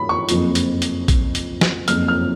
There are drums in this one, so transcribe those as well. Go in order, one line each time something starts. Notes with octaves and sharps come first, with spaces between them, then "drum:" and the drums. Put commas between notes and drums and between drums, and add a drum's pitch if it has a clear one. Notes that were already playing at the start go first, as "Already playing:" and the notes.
Already playing: B5
C#6
F#1 F2 F3, drum: hi-hat
drum: hi-hat
drum: hi-hat
drum: kick A#1, hi-hat
drum: hi-hat
drum: snare
F#1 F2 F3 F6, drum: hi-hat
F6